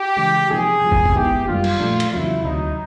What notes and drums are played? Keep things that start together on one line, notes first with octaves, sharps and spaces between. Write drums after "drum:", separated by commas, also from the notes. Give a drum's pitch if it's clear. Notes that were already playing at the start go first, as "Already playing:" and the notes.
Already playing: G4
C#3 E3 G#3
C3 F3 A#3 D#4 G#4
C3 F3 G#3
drum: kick
drum: kick
D#3 G#3 B3 E4 G4
F#2 D#3 G3 A#3 D4 F4
drum: cymbal
A#2 F3 A3 D4
drum: hi-hat
E2 C#3 F#3 A#3 E4
D2 C3 D#3 F#3 D#4